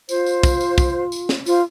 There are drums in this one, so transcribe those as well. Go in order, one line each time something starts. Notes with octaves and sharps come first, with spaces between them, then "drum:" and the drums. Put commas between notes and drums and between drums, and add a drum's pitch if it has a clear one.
F4 C5, drum: tambourine
drum: tambourine
drum: kick, tambourine
drum: tambourine
drum: kick, tambourine
drum: tambourine
drum: snare
F4 C5, drum: tambourine